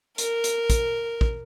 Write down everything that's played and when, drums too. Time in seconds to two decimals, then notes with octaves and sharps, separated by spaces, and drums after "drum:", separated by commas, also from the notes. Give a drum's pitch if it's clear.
0.18 A#4, drum: hi-hat
0.44 drum: hi-hat
0.70 drum: kick, hi-hat
1.21 drum: kick